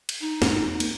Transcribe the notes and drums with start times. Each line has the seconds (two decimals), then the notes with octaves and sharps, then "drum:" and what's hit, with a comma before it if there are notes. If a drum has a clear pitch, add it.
0.09 drum: cymbal
0.20 D#4
0.42 E2 G#2 A#3, drum: snare
0.62 C4
0.80 A#3, drum: cymbal